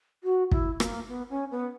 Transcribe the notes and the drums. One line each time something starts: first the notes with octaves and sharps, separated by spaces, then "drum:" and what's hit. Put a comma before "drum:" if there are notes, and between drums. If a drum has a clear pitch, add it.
F#4
E4, drum: kick
A#3, drum: rim click
B3
C#4
B3